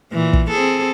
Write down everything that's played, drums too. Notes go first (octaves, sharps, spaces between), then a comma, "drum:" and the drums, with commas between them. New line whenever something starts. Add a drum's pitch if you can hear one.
A#2 E3
drum: kick
C4 G#4 A4